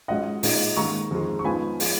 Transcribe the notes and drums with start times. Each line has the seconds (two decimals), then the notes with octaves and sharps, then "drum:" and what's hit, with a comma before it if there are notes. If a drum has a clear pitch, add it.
0.08 G#2 F#3 C#4 F4 D#5 F#5
0.43 A#2 G#3 D#4, drum: open hi-hat
0.77 G#2 D#3 A#3 A#5 C#6
1.11 F2 D#3 G#3
1.39 C#6
1.44 G#2 F3 B3 D#4 G#5 B5
1.80 F3 G#3, drum: open hi-hat